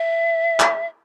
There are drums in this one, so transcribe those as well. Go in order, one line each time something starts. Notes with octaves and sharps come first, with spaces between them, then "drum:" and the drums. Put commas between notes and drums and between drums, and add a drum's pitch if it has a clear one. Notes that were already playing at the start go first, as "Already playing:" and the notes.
Already playing: E5
drum: clap